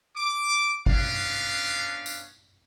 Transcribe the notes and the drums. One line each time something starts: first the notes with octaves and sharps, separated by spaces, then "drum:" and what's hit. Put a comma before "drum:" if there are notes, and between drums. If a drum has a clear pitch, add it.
D6
B3 C#4 D4 F5, drum: kick
drum: tambourine